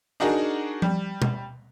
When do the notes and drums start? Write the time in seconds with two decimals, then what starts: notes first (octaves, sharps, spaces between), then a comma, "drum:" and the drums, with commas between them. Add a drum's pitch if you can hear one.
0.20 D4 D#4 F#4 G#4 A#4
0.82 G3, drum: tom F3
1.22 drum: tom B2